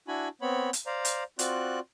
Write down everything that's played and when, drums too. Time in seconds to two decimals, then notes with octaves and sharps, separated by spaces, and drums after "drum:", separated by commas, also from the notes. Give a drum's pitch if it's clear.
0.08 D4 E4 F#4 G#5 B5
0.42 B3 C4 C#5 B5
0.73 drum: hi-hat
0.86 C5 D5 F5 A#5
1.05 drum: hi-hat
1.39 C4 F4 F#4 D5 F#6, drum: hi-hat